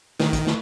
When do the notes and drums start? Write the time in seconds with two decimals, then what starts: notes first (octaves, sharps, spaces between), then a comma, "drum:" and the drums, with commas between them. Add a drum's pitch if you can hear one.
0.19 D#3, drum: snare
0.33 drum: kick, hi-hat
0.47 drum: snare